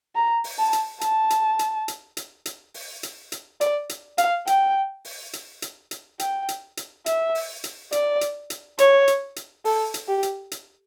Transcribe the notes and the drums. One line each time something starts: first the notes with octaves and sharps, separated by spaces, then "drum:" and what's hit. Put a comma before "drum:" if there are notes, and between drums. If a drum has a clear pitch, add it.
A#5
drum: open hi-hat
A5
drum: hi-hat
A5, drum: hi-hat
drum: hi-hat
drum: hi-hat
drum: hi-hat
drum: hi-hat
drum: hi-hat
drum: open hi-hat
drum: hi-hat
drum: hi-hat
D5, drum: hi-hat
drum: hi-hat
F5, drum: hi-hat
G5, drum: hi-hat
drum: open hi-hat
drum: hi-hat
drum: hi-hat
drum: hi-hat
G5, drum: hi-hat
drum: hi-hat
drum: hi-hat
E5, drum: hi-hat
drum: open hi-hat
drum: hi-hat
D5, drum: hi-hat
drum: hi-hat
drum: hi-hat
C#5, drum: hi-hat
drum: hi-hat
drum: hi-hat
A4, drum: open hi-hat
drum: hi-hat
G4
drum: hi-hat
drum: hi-hat